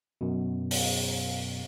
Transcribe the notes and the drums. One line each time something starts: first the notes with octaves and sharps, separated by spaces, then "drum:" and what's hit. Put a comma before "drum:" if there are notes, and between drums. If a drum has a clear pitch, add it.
F#2 B2
drum: open hi-hat